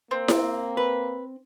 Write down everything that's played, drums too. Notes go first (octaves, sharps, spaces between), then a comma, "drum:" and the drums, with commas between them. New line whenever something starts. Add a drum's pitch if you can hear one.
A#3 C4
drum: snare E4
B4